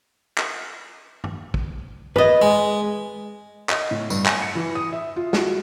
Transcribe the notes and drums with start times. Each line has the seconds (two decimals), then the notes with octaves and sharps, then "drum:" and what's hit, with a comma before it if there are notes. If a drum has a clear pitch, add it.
0.38 drum: clap
1.24 drum: tom G2
1.54 drum: kick
2.16 B4 D#5, drum: tom G2
2.42 G#3
3.69 D#5, drum: clap
3.91 A2
4.10 G2, drum: tambourine
4.26 G#5, drum: clap
4.42 C#7
4.55 E3
4.75 D#6
4.93 E5
5.16 F4
5.33 F#4, drum: snare